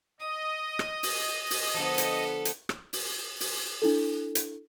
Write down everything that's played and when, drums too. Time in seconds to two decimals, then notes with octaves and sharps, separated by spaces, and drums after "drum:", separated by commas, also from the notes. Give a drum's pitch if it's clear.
0.20 D#5 D#6
0.79 drum: rim click
1.03 drum: open hi-hat
1.50 drum: open hi-hat
1.74 D3 F3 B3 A4
1.98 drum: hi-hat
2.45 drum: hi-hat
2.69 drum: rim click
2.93 drum: open hi-hat
3.40 drum: open hi-hat
3.82 D4 E4 A4
4.35 drum: hi-hat